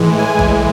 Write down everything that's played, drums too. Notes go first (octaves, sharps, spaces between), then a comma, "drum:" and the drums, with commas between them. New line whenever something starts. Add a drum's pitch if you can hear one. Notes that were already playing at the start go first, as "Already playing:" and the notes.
Already playing: A2 E3 G#3
G#5
drum: kick G#1